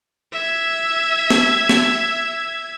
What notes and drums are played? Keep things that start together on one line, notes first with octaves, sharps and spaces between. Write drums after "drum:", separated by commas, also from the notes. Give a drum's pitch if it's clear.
E5 G#6
drum: snare B3
drum: snare B3